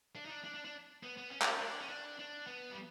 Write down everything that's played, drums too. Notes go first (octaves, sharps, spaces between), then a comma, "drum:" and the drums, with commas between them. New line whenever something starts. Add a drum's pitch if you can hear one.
D4
D#4
D4
D4
D4
D4
B3
B3
C#4
drum: clap
D4
C#4
D4
D4
B3
G3